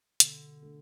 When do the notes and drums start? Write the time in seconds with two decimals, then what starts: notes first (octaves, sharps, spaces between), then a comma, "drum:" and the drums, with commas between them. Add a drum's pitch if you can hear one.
0.20 B2 D3, drum: hi-hat
0.63 A3 D4 A4